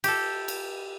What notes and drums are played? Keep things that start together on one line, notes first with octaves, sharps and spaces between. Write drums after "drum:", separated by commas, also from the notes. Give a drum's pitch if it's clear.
G4 A4, drum: cymbal
drum: cymbal